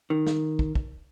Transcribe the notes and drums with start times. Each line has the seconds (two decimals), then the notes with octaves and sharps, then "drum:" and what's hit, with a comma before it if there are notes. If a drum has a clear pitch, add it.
0.10 D#3
0.27 drum: snare
0.59 drum: kick
0.75 drum: kick